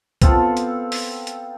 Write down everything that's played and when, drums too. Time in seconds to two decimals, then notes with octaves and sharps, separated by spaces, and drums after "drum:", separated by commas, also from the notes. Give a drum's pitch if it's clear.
0.22 B3 C4 F4 A4, drum: kick, hi-hat
0.57 drum: hi-hat
0.92 drum: open hi-hat
1.27 drum: hi-hat